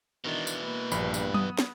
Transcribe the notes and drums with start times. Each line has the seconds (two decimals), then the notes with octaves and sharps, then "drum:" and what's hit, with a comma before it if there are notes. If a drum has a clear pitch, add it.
0.24 B2 D#3 E3 D4
0.47 drum: tambourine
0.63 A#3 B4
0.92 A#1 G2 B5, drum: tambourine
1.14 drum: tambourine
1.34 B3 D#6, drum: tom F#3
1.59 drum: snare